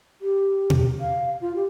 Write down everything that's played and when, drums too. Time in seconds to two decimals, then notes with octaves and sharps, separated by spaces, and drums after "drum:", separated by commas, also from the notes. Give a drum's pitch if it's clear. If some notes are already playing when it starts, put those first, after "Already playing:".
0.22 G4
0.70 drum: tom B2
1.00 F5
1.41 F4
1.56 G4